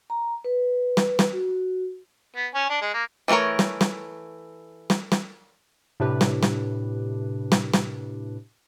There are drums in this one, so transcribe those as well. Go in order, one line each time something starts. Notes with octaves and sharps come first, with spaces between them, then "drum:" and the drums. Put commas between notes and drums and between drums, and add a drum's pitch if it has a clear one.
A#5
B4
drum: snare
drum: snare
F#4
B3
C#4
D4
G#3
A#3
E3 A3 F4 A#4 C#5
drum: snare
drum: snare
drum: snare
drum: snare
A2 C3 D4 G4 B4
drum: snare
drum: snare
drum: snare
drum: snare